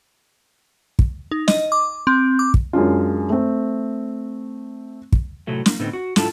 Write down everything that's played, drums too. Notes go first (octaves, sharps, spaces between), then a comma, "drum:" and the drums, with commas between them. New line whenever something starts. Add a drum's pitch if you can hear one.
drum: kick
D#4
D#5, drum: snare
D6
C4
D6
drum: kick
F#2 G#3 D4 F4
A3 C4
drum: kick
A2 C3 F#3 A3
A#3, drum: snare
A2 D3 B3 C4 D#4
F#4
G#2 E4 F4 A4 A5, drum: snare